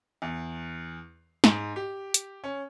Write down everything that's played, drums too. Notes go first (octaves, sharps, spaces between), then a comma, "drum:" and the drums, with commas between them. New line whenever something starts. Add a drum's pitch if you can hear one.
E2
G#2, drum: snare
G4
drum: hi-hat
C#4